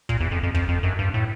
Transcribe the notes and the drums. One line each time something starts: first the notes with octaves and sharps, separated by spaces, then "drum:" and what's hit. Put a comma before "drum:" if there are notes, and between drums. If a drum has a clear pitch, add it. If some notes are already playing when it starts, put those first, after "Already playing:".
A#2, drum: kick
E2
F2
F2
F2, drum: kick
F2
F#2
G2
A2